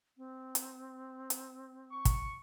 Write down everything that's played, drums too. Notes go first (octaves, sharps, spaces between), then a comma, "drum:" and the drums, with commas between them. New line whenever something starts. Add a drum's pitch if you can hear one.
C4
drum: hi-hat
drum: hi-hat
C#6
drum: kick, hi-hat